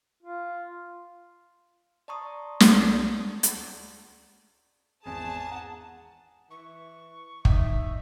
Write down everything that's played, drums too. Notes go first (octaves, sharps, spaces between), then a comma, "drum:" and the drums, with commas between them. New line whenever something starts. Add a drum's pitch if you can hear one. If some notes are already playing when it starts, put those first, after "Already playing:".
F4
D5 A5 A#5 C6 C#6 D#6
drum: snare
drum: hi-hat
G#1 E2 G#4 A5
F#5 A#5
E3 C#6
D#4 E5, drum: kick